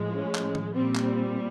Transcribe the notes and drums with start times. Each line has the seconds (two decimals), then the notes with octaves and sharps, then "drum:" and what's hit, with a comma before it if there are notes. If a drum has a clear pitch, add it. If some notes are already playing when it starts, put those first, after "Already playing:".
Already playing: A2 F3 G#3
0.15 C#4
0.35 drum: clap
0.55 drum: tom D#3
0.75 A#2 G3 C4
0.95 drum: clap